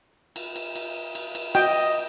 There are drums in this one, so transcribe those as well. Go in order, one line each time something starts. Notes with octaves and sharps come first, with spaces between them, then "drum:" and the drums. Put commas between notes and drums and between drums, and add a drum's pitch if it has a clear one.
drum: cymbal
drum: cymbal
drum: cymbal
drum: cymbal
drum: cymbal
F#4 D#5 G5, drum: cymbal